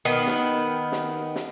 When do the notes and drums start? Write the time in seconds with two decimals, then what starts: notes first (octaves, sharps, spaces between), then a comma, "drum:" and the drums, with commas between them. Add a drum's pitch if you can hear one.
0.05 D#3 B3
0.27 drum: snare
0.92 drum: snare
1.36 drum: snare